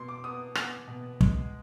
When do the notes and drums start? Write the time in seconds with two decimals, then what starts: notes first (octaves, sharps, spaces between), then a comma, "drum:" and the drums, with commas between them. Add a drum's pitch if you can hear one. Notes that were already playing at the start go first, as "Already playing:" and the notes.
Already playing: B2 C6
0.08 D6
0.24 B3 D#6
0.55 B3 G#5, drum: rim click
0.87 B2
1.21 G#3, drum: kick